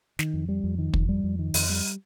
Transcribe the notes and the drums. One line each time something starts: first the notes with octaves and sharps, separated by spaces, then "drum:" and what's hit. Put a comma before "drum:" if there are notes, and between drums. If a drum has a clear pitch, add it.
D#3, drum: snare
F2
G3
F2
D#3
F2, drum: kick
G3
F2
D#3
F2, drum: open hi-hat
G3